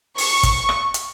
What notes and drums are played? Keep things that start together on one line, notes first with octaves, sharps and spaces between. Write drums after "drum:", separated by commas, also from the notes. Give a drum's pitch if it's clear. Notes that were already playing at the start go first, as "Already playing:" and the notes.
C#6, drum: open hi-hat
drum: kick, hi-hat
drum: rim click
drum: hi-hat